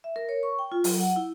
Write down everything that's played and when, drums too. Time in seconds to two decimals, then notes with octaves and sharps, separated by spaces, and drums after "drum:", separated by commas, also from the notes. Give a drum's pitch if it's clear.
0.04 E5
0.16 A#4
0.29 C#5
0.43 C#6
0.59 G5
0.72 F4
0.84 F#3, drum: open hi-hat
0.98 F#5
1.16 E4